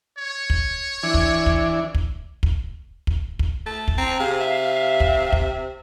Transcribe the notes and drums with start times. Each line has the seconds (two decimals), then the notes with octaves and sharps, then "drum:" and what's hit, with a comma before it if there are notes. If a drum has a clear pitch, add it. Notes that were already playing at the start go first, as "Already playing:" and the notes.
0.18 C#5
0.50 drum: kick
1.03 E3 D4
1.14 drum: kick
1.46 drum: kick
1.95 drum: kick
2.43 drum: kick
3.07 drum: kick
3.39 drum: kick
3.66 A3 A5
3.88 drum: kick
3.98 C4 A#5
4.20 C3 G#4 F5
4.40 E5
5.00 drum: kick
5.32 drum: kick